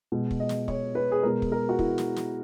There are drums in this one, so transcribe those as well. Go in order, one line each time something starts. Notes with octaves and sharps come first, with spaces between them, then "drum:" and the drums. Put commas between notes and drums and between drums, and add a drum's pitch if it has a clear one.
B2 G#3
drum: kick
D#5
drum: snare
C#5, drum: kick
B4
G#4
B2 G#3 A#4
drum: kick
A#4
F#4
E4, drum: kick
drum: snare
drum: snare